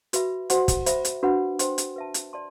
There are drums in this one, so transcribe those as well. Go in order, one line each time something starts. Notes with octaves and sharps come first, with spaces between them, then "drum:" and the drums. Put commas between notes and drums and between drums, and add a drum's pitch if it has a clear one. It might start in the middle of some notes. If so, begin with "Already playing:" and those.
F#4 B4 E5 B5, drum: hi-hat
F#4 C5 F#5 C6, drum: hi-hat
drum: kick, hi-hat
C5 E5 B5, drum: hi-hat
drum: hi-hat
D4 F#4 B4 F#5 B5
C5 G5 C6, drum: hi-hat
drum: hi-hat
B4 E5 A5
drum: hi-hat
D5 A5 C6